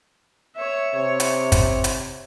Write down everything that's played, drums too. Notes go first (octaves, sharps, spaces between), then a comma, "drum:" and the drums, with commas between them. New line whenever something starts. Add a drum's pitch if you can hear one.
C#5 E5
C3 C#5
drum: hi-hat
drum: kick, hi-hat
drum: hi-hat